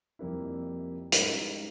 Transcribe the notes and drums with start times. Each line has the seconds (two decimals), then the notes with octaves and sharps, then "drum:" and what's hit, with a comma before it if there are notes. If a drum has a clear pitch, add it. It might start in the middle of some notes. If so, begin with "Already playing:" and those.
0.19 F2 C3 G3 A#3 E4
1.12 G#2 G3 C#4 E4, drum: hi-hat